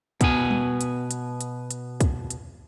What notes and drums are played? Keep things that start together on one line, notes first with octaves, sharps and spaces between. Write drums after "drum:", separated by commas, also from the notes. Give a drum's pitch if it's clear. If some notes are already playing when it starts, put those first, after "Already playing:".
B2 B3 G#5, drum: kick, hi-hat
drum: tom G3
drum: hi-hat
drum: hi-hat
drum: hi-hat
drum: hi-hat
drum: kick, hi-hat
drum: hi-hat